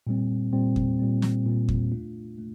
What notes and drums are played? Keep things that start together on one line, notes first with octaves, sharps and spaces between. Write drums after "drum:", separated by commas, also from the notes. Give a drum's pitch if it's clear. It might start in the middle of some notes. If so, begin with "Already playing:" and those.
A#2 G3 C4
A#2 G3 C4
drum: kick E2
A#2 G3 C4
drum: snare
A#2 G3 C4
drum: kick E2
A3 D4 F4
A3